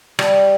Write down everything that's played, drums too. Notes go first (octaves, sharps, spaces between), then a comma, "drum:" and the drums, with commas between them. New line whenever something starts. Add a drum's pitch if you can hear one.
G3, drum: rim click